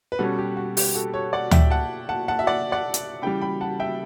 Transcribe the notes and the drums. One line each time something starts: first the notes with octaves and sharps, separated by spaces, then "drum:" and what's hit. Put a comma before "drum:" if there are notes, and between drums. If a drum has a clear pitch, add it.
B4
B2 G3 C#4 F#4 A4
G4
F#4
G4, drum: open hi-hat
F#4 A4
A4 C#5
D5 F#5
E5 G5, drum: tom D2
F#5 A5
F#5 A5
F#5 A5
E5
D5 F#5
D5 F#5
drum: hi-hat
C#3 E3 G3 G5 B5
G5 B5
F#5 A5
E5 G5